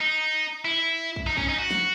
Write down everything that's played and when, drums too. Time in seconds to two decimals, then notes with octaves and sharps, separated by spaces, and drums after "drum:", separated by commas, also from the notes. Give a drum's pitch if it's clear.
0.01 D#4
0.65 E4
1.16 drum: kick
1.27 D#4
1.37 C#4, drum: kick
1.48 D#4
1.58 F#4
1.71 drum: snare